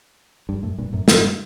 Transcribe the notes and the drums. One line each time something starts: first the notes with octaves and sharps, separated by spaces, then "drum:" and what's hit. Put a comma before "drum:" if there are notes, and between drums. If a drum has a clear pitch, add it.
G2
F#2 A2
G2 A#2
F#2 A2
G2, drum: snare